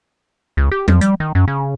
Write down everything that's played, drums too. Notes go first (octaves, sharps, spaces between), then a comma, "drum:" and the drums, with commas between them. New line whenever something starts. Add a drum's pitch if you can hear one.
C#2
G4
F2, drum: tom F3
G3, drum: hi-hat
D#3
F#2
C#3